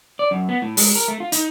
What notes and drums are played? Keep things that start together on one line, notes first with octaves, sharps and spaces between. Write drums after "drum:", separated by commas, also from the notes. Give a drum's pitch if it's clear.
D5
F#2
B3
A2
G#3, drum: open hi-hat
A#4
A3
F4
D#4, drum: hi-hat